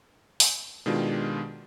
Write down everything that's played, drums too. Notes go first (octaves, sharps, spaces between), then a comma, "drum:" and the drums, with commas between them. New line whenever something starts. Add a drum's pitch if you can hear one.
drum: open hi-hat
B2 D#3 G#3 D4 F4 G4